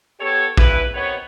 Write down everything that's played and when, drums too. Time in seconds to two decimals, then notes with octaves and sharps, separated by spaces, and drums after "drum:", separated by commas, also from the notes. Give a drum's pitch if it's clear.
0.20 B3 G4 A4 C#5
0.57 E2 G2 E4 B4, drum: kick A#1
0.94 C3 D#3 B3 C#5